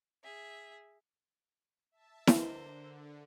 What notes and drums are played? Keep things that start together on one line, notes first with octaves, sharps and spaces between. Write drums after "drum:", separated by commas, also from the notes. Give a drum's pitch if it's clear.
G#4 E5
E5 A5
D3 A#4 C5, drum: snare E4